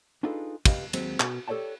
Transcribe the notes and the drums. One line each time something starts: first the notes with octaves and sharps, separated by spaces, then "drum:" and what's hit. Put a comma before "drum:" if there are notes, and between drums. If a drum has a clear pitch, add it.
D4 D#4 F4 G#4 A4 B4
G4 B4 D#5 F5, drum: kick, cymbal
D#2 F#3 G#3 C4, drum: cymbal
B2, drum: clap
G4 A4 C#5 D5 G5 A5